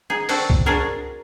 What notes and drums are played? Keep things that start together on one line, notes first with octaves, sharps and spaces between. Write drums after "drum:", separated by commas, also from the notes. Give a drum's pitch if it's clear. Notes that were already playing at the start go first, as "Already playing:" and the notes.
D#4 G#4
C4 D4 F#4 A4 D5, drum: open hi-hat
drum: kick C2
D4 F4 F#4 G#4 A#4